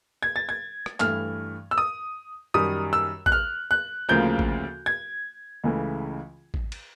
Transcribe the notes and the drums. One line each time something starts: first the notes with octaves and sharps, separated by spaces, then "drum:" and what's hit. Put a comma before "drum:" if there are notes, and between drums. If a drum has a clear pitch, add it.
G#6
A6
G#6
drum: rim click
G2 E3 A3 F6, drum: clap
E6
D#6
F#2 D#3 G3 D#6
E6
F#6, drum: kick A1
F6
F#6
D2 C#3 F3 A#3 G6
drum: kick A1
G#6
C#2 C#3 E3 A3
drum: kick A1
drum: cymbal